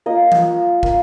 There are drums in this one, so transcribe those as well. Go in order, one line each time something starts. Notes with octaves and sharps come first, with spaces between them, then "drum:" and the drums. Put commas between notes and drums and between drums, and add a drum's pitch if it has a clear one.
A#3 F4 D#5
drum: tom E3
A#3 F4, drum: kick